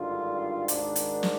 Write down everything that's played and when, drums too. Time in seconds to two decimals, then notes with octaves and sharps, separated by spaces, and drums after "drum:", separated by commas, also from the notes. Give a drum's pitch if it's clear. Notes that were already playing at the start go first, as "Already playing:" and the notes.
Already playing: G#1 G2 D3 F4
0.68 G#1 G#2 D#3 D4, drum: hi-hat
0.96 drum: hi-hat
1.23 drum: snare